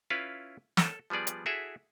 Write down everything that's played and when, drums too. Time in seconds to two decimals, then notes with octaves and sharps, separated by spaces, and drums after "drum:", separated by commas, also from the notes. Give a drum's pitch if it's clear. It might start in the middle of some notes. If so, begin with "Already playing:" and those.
0.10 C#4 E4 F4 B4 F5
0.77 A4 C#5, drum: snare
1.10 F3 G3 B3 G#4 D5
1.27 drum: hi-hat
1.46 E4 F#4 G#4 A4 E5